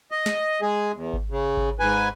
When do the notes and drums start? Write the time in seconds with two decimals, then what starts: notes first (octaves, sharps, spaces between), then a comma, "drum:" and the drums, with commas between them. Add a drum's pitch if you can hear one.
0.11 D#5
0.26 drum: snare
0.62 G#3 G#4
0.94 E2
1.14 drum: kick G#1
1.30 C#3
1.57 drum: kick G#1
1.80 G#2 B4 G#5